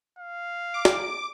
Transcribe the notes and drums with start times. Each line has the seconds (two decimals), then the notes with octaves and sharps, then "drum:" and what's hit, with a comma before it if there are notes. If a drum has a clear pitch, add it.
0.19 F5
0.74 D6
0.85 drum: snare